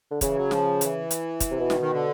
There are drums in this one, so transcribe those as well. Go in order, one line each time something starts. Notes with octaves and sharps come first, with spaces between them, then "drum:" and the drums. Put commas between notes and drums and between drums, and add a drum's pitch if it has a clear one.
D3
C#3 E3, drum: kick, hi-hat
F#3
F3, drum: snare
E3, drum: hi-hat
drum: hi-hat
drum: kick, hi-hat
C3
B2
D#3, drum: snare
D#3
D3